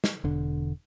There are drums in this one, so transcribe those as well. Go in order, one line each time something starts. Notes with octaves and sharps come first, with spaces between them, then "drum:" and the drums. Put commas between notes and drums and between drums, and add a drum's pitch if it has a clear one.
drum: snare
E1 D3